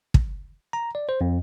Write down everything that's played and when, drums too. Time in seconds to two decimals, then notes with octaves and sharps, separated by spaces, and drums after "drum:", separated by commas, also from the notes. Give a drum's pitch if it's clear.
0.14 drum: kick
0.73 A#5
0.95 D5
1.09 C5
1.21 F2